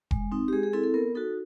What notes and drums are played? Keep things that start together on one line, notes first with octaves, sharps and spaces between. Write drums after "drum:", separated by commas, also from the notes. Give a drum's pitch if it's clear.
G#3, drum: kick E1
C4 D#4
G4
G#3 G#4
G#4
C4 E4 A4
A4
B3 A#4
D#4 F#4 A4